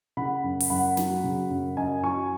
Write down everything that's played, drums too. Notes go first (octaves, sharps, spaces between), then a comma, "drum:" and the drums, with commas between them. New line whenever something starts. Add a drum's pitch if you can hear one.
C#3 F#5 B5
F#2
drum: open hi-hat
F#2 F#5 B5
F#3, drum: snare
C#3
F#2
F#2 D#5 G#5
F#3 G#5 C#6